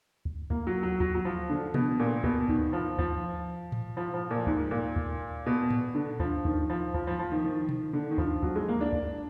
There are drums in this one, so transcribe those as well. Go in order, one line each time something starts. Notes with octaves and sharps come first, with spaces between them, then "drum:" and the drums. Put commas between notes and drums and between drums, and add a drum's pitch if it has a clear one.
drum: kick D2
A#3, drum: kick D2
F#3
F#3
F#3, drum: kick D2
F#3
F3
D3
B2, drum: tom B2
A#2
B2, drum: kick D2
D#3, drum: kick D2
F3
F3, drum: kick D2
drum: tom A2
F3
F3
A#2
G#2, drum: kick D2
A#2
drum: kick D2
B2
drum: tom A2
D3
F3, drum: kick D2
D#3, drum: kick D2
F3
F3, drum: kick D2
F3
F3
D#3
D#3
drum: tom B2
D3
D#3
F3, drum: kick D2
F#3, drum: kick D2
G#3
A#3
D4
drum: kick D2